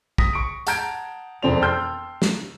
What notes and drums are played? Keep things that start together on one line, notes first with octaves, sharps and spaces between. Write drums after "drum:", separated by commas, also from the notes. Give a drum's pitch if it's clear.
D#6 A#6 B6, drum: kick
C#6 D7
F#5 A5 A#5 G6 G#6 D7, drum: hi-hat
E1 F2 C4 G#4 D5 F7
G5 A5 C6 E6 F6 G6
drum: snare